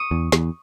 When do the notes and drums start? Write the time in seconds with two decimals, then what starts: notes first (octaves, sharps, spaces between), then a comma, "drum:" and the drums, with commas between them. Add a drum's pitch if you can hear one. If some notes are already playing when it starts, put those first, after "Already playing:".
Already playing: C#6 D#6
0.11 E2
0.32 E2, drum: snare